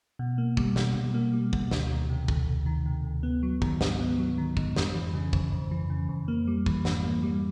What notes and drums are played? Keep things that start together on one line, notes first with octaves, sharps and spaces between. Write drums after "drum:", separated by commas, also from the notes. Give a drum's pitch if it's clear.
B2
A#3
G3, drum: kick
B2, drum: snare
B2
A#3
G3
B2, drum: kick
D2, drum: snare
D#3
C3
D2, drum: kick
D2
D#3
C3
D2
B3
F#3
D#3, drum: kick
G#2, drum: snare
B3
F#3
D#3
G#2, drum: kick
F2, drum: snare
E3
C#3
F2, drum: kick
F2
E3
C#3
F2
A#3
G3
E3, drum: kick
G#2, drum: snare
A#3
G3